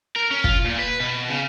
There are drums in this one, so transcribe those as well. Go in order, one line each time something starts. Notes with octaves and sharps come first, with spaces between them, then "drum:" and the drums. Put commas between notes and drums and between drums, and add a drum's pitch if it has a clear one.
A#4
C#4
F4, drum: kick
A#2
B4
B2
C#3